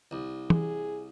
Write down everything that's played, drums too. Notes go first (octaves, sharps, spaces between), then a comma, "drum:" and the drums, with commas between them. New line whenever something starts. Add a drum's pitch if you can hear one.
C2
G#4, drum: tom